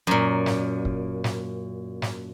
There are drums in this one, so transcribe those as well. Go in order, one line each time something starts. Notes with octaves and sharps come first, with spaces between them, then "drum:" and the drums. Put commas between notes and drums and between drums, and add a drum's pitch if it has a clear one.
F#2 A#2
drum: snare
drum: kick
drum: snare
drum: snare